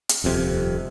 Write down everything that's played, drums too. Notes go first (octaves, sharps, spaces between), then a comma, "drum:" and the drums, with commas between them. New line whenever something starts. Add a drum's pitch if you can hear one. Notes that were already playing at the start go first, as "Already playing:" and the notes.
drum: hi-hat
D#1 F2 C3